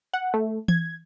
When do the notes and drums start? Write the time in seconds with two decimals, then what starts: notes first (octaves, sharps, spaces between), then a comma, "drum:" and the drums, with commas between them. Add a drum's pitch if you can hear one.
0.14 F#5
0.34 A3
0.68 G#6, drum: tom E3